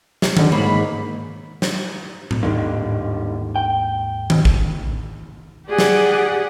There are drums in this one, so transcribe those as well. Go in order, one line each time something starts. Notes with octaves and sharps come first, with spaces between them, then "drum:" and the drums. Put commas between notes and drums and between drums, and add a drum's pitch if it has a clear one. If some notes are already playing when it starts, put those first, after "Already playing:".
drum: snare
E2 D3, drum: tom D#3
G#2 A#3 C#5 B5
drum: snare
drum: tom A2
D#2 G#2 D3 D#3 G3 A#3
G5
drum: tom D#3
drum: kick
G4 G#4 D5 F#5
drum: snare